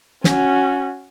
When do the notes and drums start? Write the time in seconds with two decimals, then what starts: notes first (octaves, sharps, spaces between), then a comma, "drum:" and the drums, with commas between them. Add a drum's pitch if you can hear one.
0.24 C#4 F#4, drum: snare